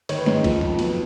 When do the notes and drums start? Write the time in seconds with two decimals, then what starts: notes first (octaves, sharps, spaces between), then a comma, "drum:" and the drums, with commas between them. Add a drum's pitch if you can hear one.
0.09 D#3 C#5, drum: cymbal
0.17 B4
0.26 G#2 C#4, drum: snare
0.35 D#4
0.44 F3, drum: kick, cymbal
0.61 F2, drum: tom F#2
0.79 F#3 B3, drum: cymbal